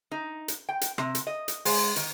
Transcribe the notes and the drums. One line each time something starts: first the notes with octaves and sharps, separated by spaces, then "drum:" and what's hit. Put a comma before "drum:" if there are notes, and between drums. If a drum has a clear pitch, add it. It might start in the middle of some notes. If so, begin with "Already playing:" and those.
D#4
drum: hi-hat
G5
drum: hi-hat
C3, drum: rim click
drum: hi-hat
D#5
drum: hi-hat
G#3, drum: open hi-hat
D#3, drum: hi-hat